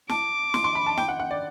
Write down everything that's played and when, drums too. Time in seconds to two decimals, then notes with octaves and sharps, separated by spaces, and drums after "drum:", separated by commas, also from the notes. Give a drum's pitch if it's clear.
0.09 A5 D6, drum: snare
0.54 C6, drum: snare
0.64 C6
0.75 B5
0.86 A5
0.97 G5, drum: snare
1.08 F#5
1.20 F#5
1.31 D5